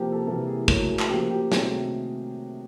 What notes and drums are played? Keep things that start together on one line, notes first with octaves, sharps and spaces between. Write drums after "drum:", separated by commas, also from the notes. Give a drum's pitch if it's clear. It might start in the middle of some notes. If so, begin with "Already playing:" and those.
Already playing: C3 F3 A#3 G4
A4
C3 E3 G3 A#3 A4
G#4
A2 F#3 A3 A#4, drum: kick
G#4
drum: clap
C#3 F3 A#3 G4
G4
C3 D#3 F#3 A3 G#4, drum: snare